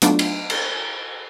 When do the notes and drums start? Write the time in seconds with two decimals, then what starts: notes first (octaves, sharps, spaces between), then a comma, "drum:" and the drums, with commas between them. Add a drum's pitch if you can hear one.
0.02 F#3 A3 B3 D4 D#4 F4, drum: hi-hat
0.19 drum: cymbal
0.50 drum: cymbal